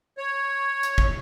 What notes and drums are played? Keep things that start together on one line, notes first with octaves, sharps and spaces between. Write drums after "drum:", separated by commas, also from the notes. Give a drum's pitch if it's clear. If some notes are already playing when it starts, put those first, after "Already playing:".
C#5
drum: hi-hat
drum: kick